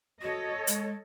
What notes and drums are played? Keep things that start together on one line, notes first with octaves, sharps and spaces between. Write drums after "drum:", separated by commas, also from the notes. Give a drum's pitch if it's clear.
F#4 A4 C#5 D#5
G#3, drum: hi-hat